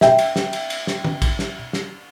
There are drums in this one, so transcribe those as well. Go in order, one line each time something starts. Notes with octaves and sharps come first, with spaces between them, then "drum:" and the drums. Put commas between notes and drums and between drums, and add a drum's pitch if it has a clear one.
E5 G5, drum: snare
drum: cymbal
drum: snare
drum: cymbal
drum: cymbal
drum: snare
drum: tom
drum: kick, cymbal
drum: snare
drum: snare